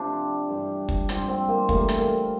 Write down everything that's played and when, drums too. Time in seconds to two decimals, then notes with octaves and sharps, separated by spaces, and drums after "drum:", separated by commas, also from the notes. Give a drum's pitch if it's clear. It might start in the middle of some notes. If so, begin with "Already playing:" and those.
Already playing: C3 F3 D4
0.49 G2 E3 G3
0.89 drum: kick
1.09 G2 F3 C4, drum: hi-hat
1.28 C4
1.48 A#3
1.69 A2 E3 G3 A#3, drum: kick
1.88 drum: hi-hat
1.98 A#3